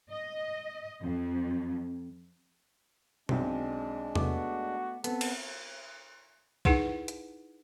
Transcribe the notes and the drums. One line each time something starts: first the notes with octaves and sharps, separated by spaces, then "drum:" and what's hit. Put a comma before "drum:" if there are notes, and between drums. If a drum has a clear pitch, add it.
D#5
F2
B1 G#3 C4 D4, drum: tom B2
A3 B3 F#4 D6, drum: tom E2
B3 C4 A4, drum: hi-hat
drum: cymbal
D#4 E4 G#4 B4 F#5 C6, drum: kick
drum: hi-hat